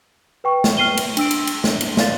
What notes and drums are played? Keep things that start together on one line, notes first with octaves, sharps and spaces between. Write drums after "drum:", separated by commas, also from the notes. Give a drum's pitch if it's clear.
B4 G5 C#6
drum: snare
F6 C7 D#7 G7
drum: cymbal
D4 E6 D7, drum: cymbal
drum: cymbal
drum: cymbal
drum: snare
drum: cymbal
D5 F5 A6, drum: snare